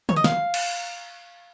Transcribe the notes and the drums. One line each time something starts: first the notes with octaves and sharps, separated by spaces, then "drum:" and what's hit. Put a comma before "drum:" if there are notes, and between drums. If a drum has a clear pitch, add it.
C#5, drum: tom D3
D#5
F5, drum: snare
drum: cymbal